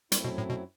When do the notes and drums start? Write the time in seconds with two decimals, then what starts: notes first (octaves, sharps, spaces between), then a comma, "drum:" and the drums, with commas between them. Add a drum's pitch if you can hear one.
0.12 F#2 F#3 G3 A3 C4 E4, drum: hi-hat
0.25 B2
0.38 A2
0.50 B2